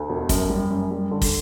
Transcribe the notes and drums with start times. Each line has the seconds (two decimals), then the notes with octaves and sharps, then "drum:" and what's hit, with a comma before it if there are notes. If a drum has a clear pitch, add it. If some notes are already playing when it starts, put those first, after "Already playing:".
Already playing: D2
0.09 E1
0.29 F#2, drum: kick, hi-hat
0.49 G3
0.71 F#2
0.91 G3
1.11 D3
1.21 drum: kick, open hi-hat